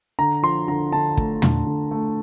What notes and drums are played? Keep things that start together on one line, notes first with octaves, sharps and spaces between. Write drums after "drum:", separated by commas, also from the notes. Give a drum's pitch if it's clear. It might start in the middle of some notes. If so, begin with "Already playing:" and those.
D3 A#5
F3 C6
D3 A#5
D3 A5
A3, drum: kick
D3, drum: tom
D3
A3